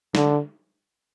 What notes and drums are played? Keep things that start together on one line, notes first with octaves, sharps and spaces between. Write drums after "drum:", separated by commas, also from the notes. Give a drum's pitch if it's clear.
D3, drum: snare